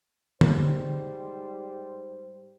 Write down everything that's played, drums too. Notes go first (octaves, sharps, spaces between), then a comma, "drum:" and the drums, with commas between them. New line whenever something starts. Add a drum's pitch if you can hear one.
G#2 G3 C5, drum: tom D3